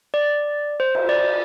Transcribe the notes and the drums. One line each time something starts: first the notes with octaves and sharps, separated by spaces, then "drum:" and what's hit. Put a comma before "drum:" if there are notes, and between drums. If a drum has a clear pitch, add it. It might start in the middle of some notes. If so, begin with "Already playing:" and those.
D5
C5
C5, drum: cymbal
D5